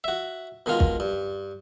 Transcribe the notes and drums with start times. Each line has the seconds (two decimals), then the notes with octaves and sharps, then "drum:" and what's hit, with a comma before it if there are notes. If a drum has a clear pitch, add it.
0.04 F#4 E5
0.66 B2 D#3 G#3 F4
0.80 drum: kick
1.00 G2